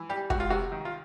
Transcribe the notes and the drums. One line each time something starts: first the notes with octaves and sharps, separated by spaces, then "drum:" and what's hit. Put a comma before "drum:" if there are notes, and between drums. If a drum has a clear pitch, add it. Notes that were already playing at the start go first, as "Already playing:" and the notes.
Already playing: E3
G3 G4
C#2 F#4, drum: kick
F4
C3 F#4
D#3
F4